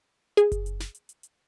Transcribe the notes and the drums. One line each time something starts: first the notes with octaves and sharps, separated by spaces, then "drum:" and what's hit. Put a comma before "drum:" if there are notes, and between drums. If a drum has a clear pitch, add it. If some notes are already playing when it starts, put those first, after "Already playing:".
G#4, drum: hi-hat
drum: kick F#1, hi-hat
drum: hi-hat
drum: snare
drum: hi-hat
drum: hi-hat
drum: hi-hat